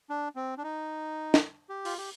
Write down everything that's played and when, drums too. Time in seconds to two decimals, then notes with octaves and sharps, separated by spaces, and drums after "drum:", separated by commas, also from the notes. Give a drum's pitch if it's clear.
0.10 D4
0.36 C4
0.58 D4
0.63 D#4
1.34 drum: snare
1.69 G4
1.85 F4, drum: open hi-hat
1.98 G4